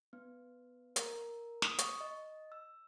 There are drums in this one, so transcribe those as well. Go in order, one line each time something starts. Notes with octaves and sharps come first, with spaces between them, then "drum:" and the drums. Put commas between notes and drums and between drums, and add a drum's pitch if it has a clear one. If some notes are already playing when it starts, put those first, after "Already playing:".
B3
A#4, drum: hi-hat
D#6, drum: snare
C#6, drum: hi-hat
D#5
E6